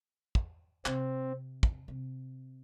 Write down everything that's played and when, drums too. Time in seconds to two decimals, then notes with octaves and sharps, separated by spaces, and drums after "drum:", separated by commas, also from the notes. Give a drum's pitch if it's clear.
0.35 drum: kick
0.86 C3 C4, drum: clap
1.63 drum: kick
1.88 C3